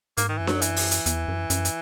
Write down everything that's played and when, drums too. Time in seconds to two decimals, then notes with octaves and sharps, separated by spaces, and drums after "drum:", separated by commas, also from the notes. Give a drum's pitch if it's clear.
0.17 G#2 A#3, drum: hi-hat
0.29 D#3
0.38 F#2 E3
0.47 F#3, drum: snare D4
0.62 E3, drum: hi-hat
0.76 drum: open hi-hat
0.91 drum: hi-hat
1.06 E2, drum: hi-hat
1.28 F#2
1.50 F#2, drum: hi-hat
1.65 drum: hi-hat